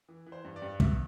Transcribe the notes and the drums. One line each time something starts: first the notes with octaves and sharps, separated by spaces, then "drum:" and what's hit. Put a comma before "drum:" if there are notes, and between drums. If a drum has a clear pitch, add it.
E3
E3
C5
G2
D5
G2
B2 E5, drum: kick